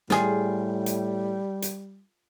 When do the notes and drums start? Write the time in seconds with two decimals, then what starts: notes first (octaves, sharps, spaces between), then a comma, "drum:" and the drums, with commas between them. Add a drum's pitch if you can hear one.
0.10 A2 G3 F4 G#4, drum: snare
0.86 drum: hi-hat
1.62 drum: hi-hat